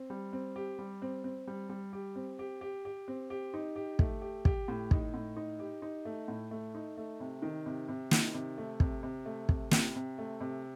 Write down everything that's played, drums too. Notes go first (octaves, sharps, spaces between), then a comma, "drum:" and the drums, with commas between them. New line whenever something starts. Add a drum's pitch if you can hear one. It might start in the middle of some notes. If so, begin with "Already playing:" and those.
Already playing: C4
G3
C4
G4
G3
C4
C4
G3
G3
G4
C4
G4
G4
G4
C4
G4
D#4
G4
A3, drum: kick
G4
G4, drum: kick
A2
D#4, drum: kick
A2
D#4
G4
D#4
A3
A2
A3
D#4
A3
C3
D#3
C3
C3
D#3, drum: snare
C3
A3
C3, drum: kick
C3
A3
C3, drum: kick
C3, drum: snare
C3
A3
C3